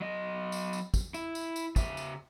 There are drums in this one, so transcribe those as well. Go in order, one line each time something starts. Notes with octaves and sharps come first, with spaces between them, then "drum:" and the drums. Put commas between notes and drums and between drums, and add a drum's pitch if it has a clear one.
F#3 D#5
drum: tambourine
drum: tambourine
drum: kick, tambourine
E4, drum: tambourine
drum: tambourine
drum: tambourine
C#3 E5, drum: kick, tambourine
drum: tambourine